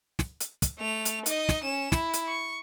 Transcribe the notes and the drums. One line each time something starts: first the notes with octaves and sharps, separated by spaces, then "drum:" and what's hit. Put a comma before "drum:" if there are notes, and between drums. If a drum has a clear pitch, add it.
drum: snare
drum: hi-hat
drum: kick, hi-hat
A3 F7
drum: hi-hat
D#4 D#5, drum: hi-hat
drum: snare
C#4 E7
E4, drum: snare
drum: hi-hat
C#6